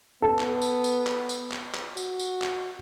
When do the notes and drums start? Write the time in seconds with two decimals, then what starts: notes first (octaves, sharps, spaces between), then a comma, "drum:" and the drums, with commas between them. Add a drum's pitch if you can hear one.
0.22 B3 A4
0.39 drum: clap
0.62 drum: tambourine
0.84 drum: tambourine
1.07 drum: clap
1.29 drum: tambourine
1.52 drum: clap
1.74 drum: clap
1.97 F#4, drum: tambourine
2.19 drum: tambourine
2.42 drum: clap